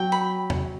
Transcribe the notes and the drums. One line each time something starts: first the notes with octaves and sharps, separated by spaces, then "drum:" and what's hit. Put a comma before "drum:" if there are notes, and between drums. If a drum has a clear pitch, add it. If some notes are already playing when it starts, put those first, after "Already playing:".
Already playing: F#3 G5
B5
drum: tom E2